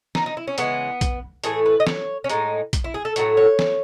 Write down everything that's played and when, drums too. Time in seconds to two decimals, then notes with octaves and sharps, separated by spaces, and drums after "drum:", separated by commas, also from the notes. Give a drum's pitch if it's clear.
0.15 D#4, drum: snare
0.26 D#4
0.37 E4
0.47 C#4
0.58 C#3 E3 G#3 B3, drum: hi-hat
1.01 drum: kick A#1, hi-hat
1.44 A2 E3 A3 G#4, drum: hi-hat
1.66 B4
1.80 D#5
1.87 C#5, drum: snare
2.24 C#4
2.30 A2 G#3 D#4, drum: hi-hat
2.73 drum: kick A#1, hi-hat
2.84 E4
2.94 G#4
3.05 A4
3.16 A2 F#3 A3, drum: hi-hat
3.37 C#5
3.59 drum: snare